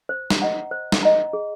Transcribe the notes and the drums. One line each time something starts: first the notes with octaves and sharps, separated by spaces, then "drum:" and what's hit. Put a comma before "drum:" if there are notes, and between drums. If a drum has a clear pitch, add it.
C5
drum: snare
D#5 F#5 A#5
C5
drum: snare
D#5 F#5 A#5
G#4